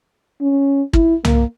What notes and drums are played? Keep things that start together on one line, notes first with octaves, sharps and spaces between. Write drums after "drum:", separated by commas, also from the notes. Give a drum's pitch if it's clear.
C#4
E4, drum: kick
A#3, drum: tom C2